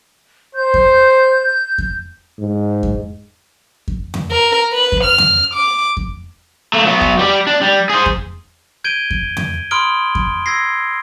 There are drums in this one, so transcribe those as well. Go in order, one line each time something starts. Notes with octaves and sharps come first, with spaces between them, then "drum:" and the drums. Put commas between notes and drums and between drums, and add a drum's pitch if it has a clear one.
C5 G6
drum: kick F2
drum: kick F2
G#2
drum: kick F2
drum: kick F2
drum: tom F2
A#4
B4
drum: kick F2
F6
drum: tom F2
D6
drum: kick F2
A3 A#3
F#3 B3
drum: kick F2
G3 G4
D4
G3
G#4 C5
drum: kick F2
G6 G#6 D7 D#7 G7
drum: kick F2
drum: tom F2
B5 C6 D#6 F6 D7 G7
drum: kick F2
E6 G#6 A#6 C7